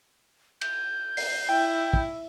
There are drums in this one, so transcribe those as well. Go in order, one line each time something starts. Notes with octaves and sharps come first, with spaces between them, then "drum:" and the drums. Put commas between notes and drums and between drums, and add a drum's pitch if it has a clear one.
G6, drum: cymbal
C7, drum: open hi-hat
E4 G5
drum: kick